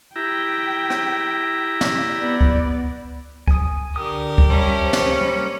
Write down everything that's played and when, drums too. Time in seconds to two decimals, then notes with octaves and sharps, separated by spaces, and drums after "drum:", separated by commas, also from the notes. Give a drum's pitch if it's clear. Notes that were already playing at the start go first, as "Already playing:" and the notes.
0.16 E4 G4 G5 A#5
0.90 drum: rim click
1.81 drum: snare
2.19 B3 D5
2.41 drum: kick C#2
3.48 G#5 D#6, drum: kick C#2
3.96 D3 G4 A#4 D#6
4.38 drum: kick C#2
4.50 G3 C#4 E5 A5
4.84 C5
4.93 drum: snare
5.21 G3 A#3